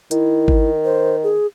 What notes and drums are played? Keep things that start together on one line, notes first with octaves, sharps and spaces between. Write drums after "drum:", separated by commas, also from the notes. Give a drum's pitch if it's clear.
D#3 E4, drum: hi-hat
drum: kick G#1
C5
G#4